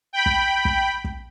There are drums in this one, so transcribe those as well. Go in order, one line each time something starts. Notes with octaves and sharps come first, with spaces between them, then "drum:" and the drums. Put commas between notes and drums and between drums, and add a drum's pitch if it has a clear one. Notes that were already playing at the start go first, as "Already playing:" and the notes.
G5 B5
drum: kick
drum: kick
drum: kick